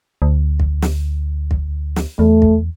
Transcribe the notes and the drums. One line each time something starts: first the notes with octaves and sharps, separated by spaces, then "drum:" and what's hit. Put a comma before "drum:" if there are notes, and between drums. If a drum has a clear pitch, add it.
D2
drum: kick
drum: snare
drum: kick
drum: snare
E2 A3
drum: kick